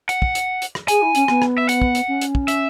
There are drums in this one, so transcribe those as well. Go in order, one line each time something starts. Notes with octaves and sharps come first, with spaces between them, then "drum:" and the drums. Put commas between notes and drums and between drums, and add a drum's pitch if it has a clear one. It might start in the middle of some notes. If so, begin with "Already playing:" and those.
F#5, drum: hi-hat
drum: kick
drum: hi-hat
drum: hi-hat
drum: rim click
G#4 G#5, drum: hi-hat
E4
C#4, drum: hi-hat
B3, drum: rim click
drum: rim click
E5
F#5, drum: hi-hat
drum: kick
drum: hi-hat
C#4
drum: hi-hat
drum: kick
E5, drum: hi-hat